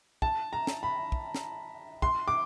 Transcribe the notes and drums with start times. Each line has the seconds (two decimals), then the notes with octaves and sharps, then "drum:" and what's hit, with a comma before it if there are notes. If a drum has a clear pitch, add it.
0.22 A5, drum: kick
0.53 A#5
0.67 drum: snare
0.83 B5
1.12 drum: kick
1.35 drum: snare
2.02 C6, drum: kick
2.28 D6